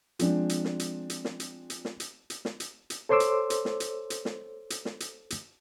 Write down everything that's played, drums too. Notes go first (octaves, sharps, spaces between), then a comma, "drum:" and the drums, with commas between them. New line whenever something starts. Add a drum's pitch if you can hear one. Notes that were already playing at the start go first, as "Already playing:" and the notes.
F3 G#3 C4 D4, drum: hi-hat
drum: hi-hat
drum: snare
drum: hi-hat
drum: hi-hat
drum: snare
drum: hi-hat
drum: hi-hat
drum: snare
drum: hi-hat
drum: hi-hat
drum: snare
drum: hi-hat
drum: hi-hat
A4 C5 C#5 C6 D6 E6
drum: hi-hat
drum: hi-hat
drum: snare
drum: hi-hat
drum: hi-hat
drum: snare
drum: hi-hat
drum: snare
drum: hi-hat
drum: hi-hat